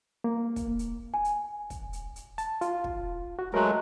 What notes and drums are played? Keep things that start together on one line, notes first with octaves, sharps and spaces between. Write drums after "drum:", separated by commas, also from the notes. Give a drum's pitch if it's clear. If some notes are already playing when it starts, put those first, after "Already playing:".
A#3
drum: kick, hi-hat
drum: hi-hat
G#5
drum: hi-hat
drum: kick, hi-hat
drum: hi-hat
drum: hi-hat
A5, drum: hi-hat
F4, drum: hi-hat
drum: kick
F#4
F#3 G#3 A3 A#4 F#6